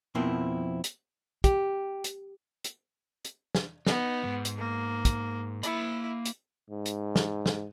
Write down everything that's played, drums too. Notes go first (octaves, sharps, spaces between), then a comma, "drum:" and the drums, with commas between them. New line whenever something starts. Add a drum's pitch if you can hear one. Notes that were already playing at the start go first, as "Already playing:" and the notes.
F2 B2 F3 A#3 C4 E4
drum: hi-hat
G4, drum: kick, hi-hat
drum: hi-hat
drum: hi-hat
drum: hi-hat
drum: snare
B3 D#4, drum: snare
E2 G#2
drum: hi-hat
A#3
drum: kick, hi-hat
A#3 E4 B5, drum: hi-hat
drum: hi-hat
G#2
drum: hi-hat
drum: snare
drum: snare